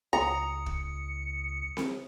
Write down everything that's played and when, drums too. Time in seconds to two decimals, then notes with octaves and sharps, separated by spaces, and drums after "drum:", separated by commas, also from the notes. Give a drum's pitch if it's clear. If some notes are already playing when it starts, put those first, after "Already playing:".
0.13 C#2 A#5 D#6 C#7
0.66 drum: kick
1.77 drum: snare C4